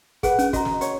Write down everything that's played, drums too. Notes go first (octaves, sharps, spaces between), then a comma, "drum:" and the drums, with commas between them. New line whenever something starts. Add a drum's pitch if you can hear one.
G#4 B4 F#5, drum: kick, hi-hat
C#4, drum: hi-hat
F#4 D#5 A#5, drum: kick, hi-hat
drum: snare
C#5, drum: hi-hat